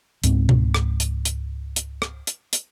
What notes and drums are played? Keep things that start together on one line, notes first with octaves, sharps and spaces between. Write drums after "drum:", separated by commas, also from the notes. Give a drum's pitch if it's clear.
C#2 G#2 C4, drum: hi-hat
drum: tom B2
drum: rim click
drum: hi-hat
drum: hi-hat
drum: hi-hat
drum: rim click
drum: hi-hat
drum: hi-hat